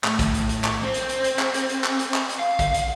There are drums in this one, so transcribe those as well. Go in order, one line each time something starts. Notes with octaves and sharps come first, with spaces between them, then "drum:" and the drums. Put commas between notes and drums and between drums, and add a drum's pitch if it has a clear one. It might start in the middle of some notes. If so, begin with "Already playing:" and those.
A2, drum: clap
drum: kick, hi-hat
drum: hi-hat
drum: hi-hat
drum: clap
C4
drum: hi-hat
drum: hi-hat
drum: hi-hat
drum: clap
drum: hi-hat
drum: hi-hat
drum: clap
drum: hi-hat
drum: clap
drum: hi-hat
F5
drum: kick, hi-hat
drum: hi-hat